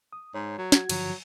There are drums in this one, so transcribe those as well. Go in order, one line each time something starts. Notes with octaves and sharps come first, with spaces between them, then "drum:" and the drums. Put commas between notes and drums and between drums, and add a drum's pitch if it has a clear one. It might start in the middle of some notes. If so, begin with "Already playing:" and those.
D#6
G#2 C#5
F#3
F#4 G#6, drum: snare
G2 D3 F3 F#3, drum: cymbal